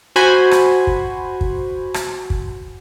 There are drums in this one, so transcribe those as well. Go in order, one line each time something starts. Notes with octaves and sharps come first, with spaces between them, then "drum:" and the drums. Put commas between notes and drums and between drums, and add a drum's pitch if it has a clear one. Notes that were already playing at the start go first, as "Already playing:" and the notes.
F#4 C5 G#5 B5
drum: rim click
drum: kick
drum: kick
drum: rim click
drum: kick